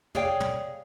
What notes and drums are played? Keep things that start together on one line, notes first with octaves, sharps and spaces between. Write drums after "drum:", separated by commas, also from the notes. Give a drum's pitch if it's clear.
G#4 C#5 D5 F5 G5, drum: tom
drum: tom